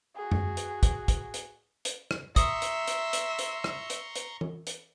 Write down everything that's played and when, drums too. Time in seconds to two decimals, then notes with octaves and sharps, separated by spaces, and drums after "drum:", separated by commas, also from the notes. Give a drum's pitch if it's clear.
0.16 F#4 G#4
0.32 drum: tom F#2
0.57 drum: hi-hat
0.83 drum: kick, hi-hat
1.08 drum: kick, hi-hat
1.34 drum: hi-hat
1.85 drum: hi-hat
2.11 drum: rim click
2.36 E5 A#5 C6 C#6 D#6, drum: kick, hi-hat
2.62 drum: hi-hat
2.88 drum: hi-hat
3.13 drum: hi-hat
3.39 drum: hi-hat
3.64 drum: rim click
3.90 drum: hi-hat
4.16 drum: hi-hat
4.41 drum: tom E3
4.67 drum: hi-hat